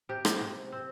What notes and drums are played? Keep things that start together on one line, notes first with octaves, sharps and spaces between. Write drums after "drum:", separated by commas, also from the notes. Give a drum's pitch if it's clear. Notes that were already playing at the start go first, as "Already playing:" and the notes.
C3 G4
drum: rim click
C3
C4